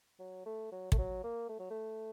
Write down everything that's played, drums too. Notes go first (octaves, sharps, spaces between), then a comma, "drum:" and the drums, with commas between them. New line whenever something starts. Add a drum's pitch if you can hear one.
F#3
A3
F#3
A3, drum: kick
F#3
A#3
A3
F#3
A3